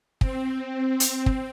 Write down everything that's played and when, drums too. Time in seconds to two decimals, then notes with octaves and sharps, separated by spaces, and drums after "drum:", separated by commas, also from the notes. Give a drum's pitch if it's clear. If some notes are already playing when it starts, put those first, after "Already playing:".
0.21 C4, drum: kick
1.00 drum: hi-hat
1.26 drum: kick